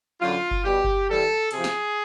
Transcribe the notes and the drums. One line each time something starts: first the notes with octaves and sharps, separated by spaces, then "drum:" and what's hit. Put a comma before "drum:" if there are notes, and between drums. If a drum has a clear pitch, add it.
F#2 D3 F#3 F4
drum: kick F#1
B2 G3 G4
drum: kick F#1
A2 E3 G3 A4
C3 F3 G#4, drum: cymbal
drum: snare